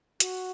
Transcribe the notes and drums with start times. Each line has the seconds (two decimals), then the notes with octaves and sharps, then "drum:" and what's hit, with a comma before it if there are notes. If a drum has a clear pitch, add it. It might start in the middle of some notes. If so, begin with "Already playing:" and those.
0.20 F#4, drum: hi-hat